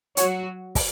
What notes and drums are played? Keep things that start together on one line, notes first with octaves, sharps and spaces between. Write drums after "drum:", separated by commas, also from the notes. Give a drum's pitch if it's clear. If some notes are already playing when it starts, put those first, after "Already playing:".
F#3 F#4 C#5, drum: hi-hat
drum: kick, open hi-hat